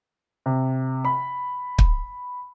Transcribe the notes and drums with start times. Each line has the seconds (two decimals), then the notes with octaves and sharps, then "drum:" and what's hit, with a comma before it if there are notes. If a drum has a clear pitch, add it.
0.46 C3
1.05 B5
1.79 drum: kick